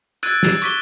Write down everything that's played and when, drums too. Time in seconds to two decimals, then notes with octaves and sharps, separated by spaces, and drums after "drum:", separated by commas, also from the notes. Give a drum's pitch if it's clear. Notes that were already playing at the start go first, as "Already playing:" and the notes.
0.23 E6 F#6 G#6 A6 D7 D#7, drum: hi-hat
0.43 drum: snare
0.62 C#6 D6 B6 D#7 G7, drum: hi-hat